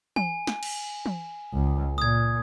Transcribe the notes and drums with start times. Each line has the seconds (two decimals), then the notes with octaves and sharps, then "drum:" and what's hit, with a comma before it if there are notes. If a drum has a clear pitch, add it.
0.16 G#5, drum: tom E3
0.47 drum: snare
0.63 drum: cymbal
1.06 drum: tom E3
1.53 C#2
1.98 A#2 D#6 G#6